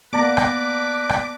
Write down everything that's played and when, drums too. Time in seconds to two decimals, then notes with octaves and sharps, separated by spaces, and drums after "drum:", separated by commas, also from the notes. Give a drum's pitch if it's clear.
0.13 A#3 B3 B4 D5 A5 A#5 D6
0.37 drum: rim click
1.09 drum: rim click